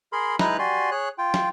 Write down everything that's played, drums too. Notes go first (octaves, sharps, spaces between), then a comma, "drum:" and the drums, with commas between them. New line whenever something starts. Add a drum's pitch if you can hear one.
G#4 A#4 B5 C6
G#3 D#4 E4 B4 A#5 F#6, drum: snare
F#4 G4 D5 G#5 C6
G#4 C#5 F#6
F4 G5
drum: snare